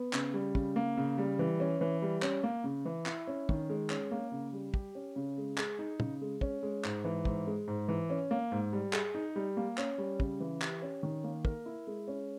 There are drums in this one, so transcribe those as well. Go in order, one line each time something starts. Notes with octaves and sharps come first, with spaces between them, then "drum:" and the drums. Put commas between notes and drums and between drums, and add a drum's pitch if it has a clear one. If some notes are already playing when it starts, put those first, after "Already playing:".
Already playing: B3
C#3, drum: clap
G3
C#3, drum: kick
A#3
C#3
G3
E3
C#4
E3
G3
C#4, drum: clap
A#3
C#3
E3
E4, drum: clap
C#4
D#3, drum: kick
G#3
C#4, drum: clap
A#3
C#3
G3
G4, drum: kick
C#4
C#3
G#3
G#4, drum: clap
D#4
C#3, drum: tom
G#3
C#4, drum: kick
G#3
G#2, drum: clap
E3
G#2, drum: kick
G#3
G#2
E3
C#4
A#3
G#2
G3
G#4, drum: clap
D#4
G3
A#3
C#4, drum: clap
G3
C#3, drum: kick
E3
G4, drum: clap
C#4
D#3
A#3
A#4, drum: kick
E4
G#3
C#4